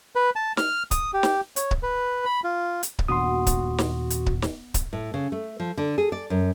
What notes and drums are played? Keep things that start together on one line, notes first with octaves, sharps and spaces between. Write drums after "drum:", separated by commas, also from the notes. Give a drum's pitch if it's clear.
B4
A5
F6, drum: snare
D#6, drum: kick C#1, hi-hat
G4
drum: snare
C#5, drum: hi-hat
drum: kick C#1
B4
B5
F4
drum: hi-hat
drum: kick C#1
D#2 A#2 B3 D4 F#4 C6 D#6
drum: kick C#1, hi-hat
drum: snare
drum: hi-hat
drum: kick C#1
drum: snare
drum: kick C#1, hi-hat
A2
C#3
A3
F3
D3
G#4
D5
F#2